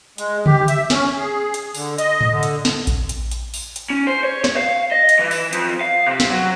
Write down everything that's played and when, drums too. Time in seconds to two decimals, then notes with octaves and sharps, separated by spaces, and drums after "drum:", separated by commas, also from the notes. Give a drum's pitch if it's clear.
0.18 G#3, drum: hi-hat
0.46 G4, drum: tom C#3
0.68 E5, drum: hi-hat
0.90 C#4, drum: snare
1.18 G#4
1.54 drum: hi-hat
1.75 D3, drum: open hi-hat
1.98 D#5, drum: hi-hat
2.21 drum: tom G#2
2.30 D3
2.43 drum: hi-hat
2.65 drum: snare
2.87 drum: kick A#1, hi-hat
3.09 drum: hi-hat
3.31 drum: hi-hat
3.54 drum: open hi-hat
3.76 drum: hi-hat
3.90 C#4
4.07 C5
4.23 C#5
4.44 C#5, drum: snare
4.57 F5
4.92 D#5
5.09 drum: hi-hat
5.19 E3
5.31 drum: open hi-hat
5.53 F2, drum: hi-hat
5.81 F5
6.06 C3
6.20 drum: snare
6.30 F#3